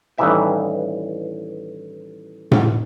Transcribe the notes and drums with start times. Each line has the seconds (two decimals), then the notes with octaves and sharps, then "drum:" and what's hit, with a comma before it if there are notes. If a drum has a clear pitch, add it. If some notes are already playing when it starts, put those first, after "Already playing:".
0.18 A1 G2 D#3 E3 E5 G5
2.52 drum: tom A2